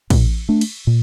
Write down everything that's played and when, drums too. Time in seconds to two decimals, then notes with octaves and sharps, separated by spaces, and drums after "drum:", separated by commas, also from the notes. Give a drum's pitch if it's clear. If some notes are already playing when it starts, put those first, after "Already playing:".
0.10 A#2, drum: kick, cymbal
0.49 A3 D4
0.61 drum: cymbal
0.87 A#2